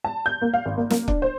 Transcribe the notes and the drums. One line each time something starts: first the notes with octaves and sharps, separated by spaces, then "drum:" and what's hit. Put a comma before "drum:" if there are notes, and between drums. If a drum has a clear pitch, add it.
A5
G6
A#3
F5
G#1
A#3
A#3, drum: snare
D4, drum: kick
C5